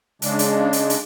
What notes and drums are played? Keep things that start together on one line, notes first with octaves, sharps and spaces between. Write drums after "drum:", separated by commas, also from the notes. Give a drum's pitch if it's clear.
C#3 G#3 D4, drum: hi-hat
drum: hi-hat
drum: hi-hat
drum: hi-hat